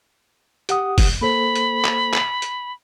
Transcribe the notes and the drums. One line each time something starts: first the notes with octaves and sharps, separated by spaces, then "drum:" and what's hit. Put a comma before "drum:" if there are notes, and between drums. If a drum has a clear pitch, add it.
G4 F#5 D#6, drum: hi-hat
drum: kick F#1, open hi-hat
A#3 A4 C5 B5
drum: hi-hat
drum: clap
drum: clap
drum: hi-hat